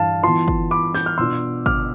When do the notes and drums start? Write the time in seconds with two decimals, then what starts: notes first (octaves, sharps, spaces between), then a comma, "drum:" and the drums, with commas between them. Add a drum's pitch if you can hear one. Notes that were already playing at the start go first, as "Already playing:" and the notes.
Already playing: G2 E3 D4 F5 A5
0.23 E3 B3 F4 A5 C6
0.48 drum: kick
0.71 B5 D6
0.95 G6, drum: snare
1.06 F6
1.18 B2 B3 D4 F4 C6 E6
1.66 D6 F6, drum: kick